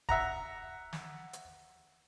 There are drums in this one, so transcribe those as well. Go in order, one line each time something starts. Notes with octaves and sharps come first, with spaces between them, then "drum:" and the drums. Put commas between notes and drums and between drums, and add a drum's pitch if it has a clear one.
E5 F#5 A#5, drum: kick D#1
drum: snare
drum: hi-hat